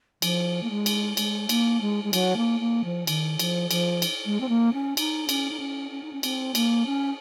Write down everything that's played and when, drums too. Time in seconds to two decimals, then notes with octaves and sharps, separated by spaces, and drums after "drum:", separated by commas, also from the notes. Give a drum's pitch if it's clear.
0.22 F3, drum: cymbal
0.63 A#3
0.70 G#3
0.86 drum: cymbal
1.17 G#3, drum: cymbal
1.49 A#3, drum: cymbal
1.81 G#3
2.04 G#3
2.13 F#3, drum: cymbal
2.37 A#3
2.60 A#3
2.84 F3
3.07 D#3, drum: cymbal
3.39 F3, drum: cymbal
3.71 F3, drum: cymbal
4.02 drum: cymbal
4.26 G#3
4.41 C4
4.49 A#3
4.73 C#4
4.97 D#4, drum: cymbal
5.29 C#4, drum: cymbal
5.51 D#4
5.60 C#4
5.91 C#4
6.03 D#4
6.13 C#4
6.23 C4, drum: cymbal
6.55 A#3, drum: cymbal
6.86 C#4